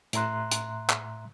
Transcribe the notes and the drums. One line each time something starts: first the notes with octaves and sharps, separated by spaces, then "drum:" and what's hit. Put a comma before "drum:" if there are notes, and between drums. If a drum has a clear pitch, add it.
A2 E5 A#5 C6 F#6, drum: hi-hat
drum: hi-hat
drum: clap